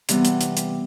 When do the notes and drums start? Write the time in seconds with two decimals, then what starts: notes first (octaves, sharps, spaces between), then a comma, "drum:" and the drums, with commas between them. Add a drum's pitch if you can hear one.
0.09 C3 E3 G3 B3, drum: hi-hat
0.25 drum: hi-hat
0.41 drum: hi-hat
0.57 drum: hi-hat